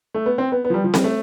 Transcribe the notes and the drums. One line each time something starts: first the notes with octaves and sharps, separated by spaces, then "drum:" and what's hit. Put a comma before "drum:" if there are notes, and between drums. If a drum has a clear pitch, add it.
A3
B3
C4
B3
B3
F3
G3
F3
G3, drum: snare C4
A3